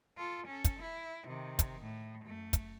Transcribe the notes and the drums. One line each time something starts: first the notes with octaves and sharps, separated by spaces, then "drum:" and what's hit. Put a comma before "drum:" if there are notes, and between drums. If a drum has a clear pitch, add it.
F4 A4
C#4 A4
drum: kick, hi-hat
E4
C3 D#3
drum: kick, hi-hat
A2
F#2 A3
drum: kick, hi-hat